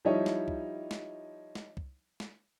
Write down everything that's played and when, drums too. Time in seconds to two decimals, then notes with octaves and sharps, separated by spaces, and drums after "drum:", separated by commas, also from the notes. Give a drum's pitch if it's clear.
0.05 F3 G3 D#4 E4 C#5 D#5
0.26 drum: snare
0.48 drum: kick C2
0.91 drum: snare
1.55 drum: snare
1.77 drum: kick C2
2.20 drum: snare